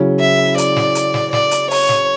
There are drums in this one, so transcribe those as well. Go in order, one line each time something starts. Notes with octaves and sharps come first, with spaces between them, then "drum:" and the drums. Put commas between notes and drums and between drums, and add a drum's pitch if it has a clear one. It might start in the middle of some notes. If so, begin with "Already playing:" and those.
Already playing: C#3 F#3 C#4 E4
E5
D5, drum: hi-hat
drum: snare
drum: hi-hat
drum: snare
D5, drum: snare
drum: hi-hat
C#5, drum: open hi-hat
drum: snare